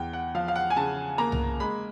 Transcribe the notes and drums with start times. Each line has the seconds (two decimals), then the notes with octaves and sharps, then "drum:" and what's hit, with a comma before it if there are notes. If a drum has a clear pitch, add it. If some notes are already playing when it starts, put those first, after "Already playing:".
Already playing: E2 G5
0.13 F#5
0.34 F3 F5
0.48 F5
0.56 F#5
0.70 G#5
0.76 C#3 A5
1.18 A#3 A#5
1.32 drum: tom C2
1.60 G#3 B5